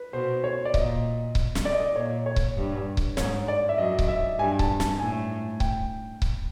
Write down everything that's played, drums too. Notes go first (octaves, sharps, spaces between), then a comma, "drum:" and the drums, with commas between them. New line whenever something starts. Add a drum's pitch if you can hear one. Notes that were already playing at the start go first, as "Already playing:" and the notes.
Already playing: B4
B2 C5
C#5
D5
A#2 D#5, drum: kick C#1
drum: kick C#1
drum: snare
D5
D#5
D5
A#2 C#5
C#5
drum: kick C#1
G2
drum: kick C#1
G#2 C#5, drum: snare
D5
E5
F#2 D#5
drum: kick C#1
E5
G2 G#5
A5, drum: kick C#1
A5, drum: snare
A2 G#5
G5, drum: kick C#1
drum: kick C#1